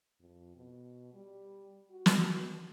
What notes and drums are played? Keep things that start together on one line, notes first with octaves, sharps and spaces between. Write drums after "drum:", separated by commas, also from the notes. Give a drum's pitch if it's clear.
F2
B2
G3
F#4
drum: snare